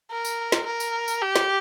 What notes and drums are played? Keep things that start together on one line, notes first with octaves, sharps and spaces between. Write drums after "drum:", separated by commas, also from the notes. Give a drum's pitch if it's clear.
A#4
drum: tambourine
drum: snare
A#4
drum: tambourine
drum: tambourine
G4
drum: snare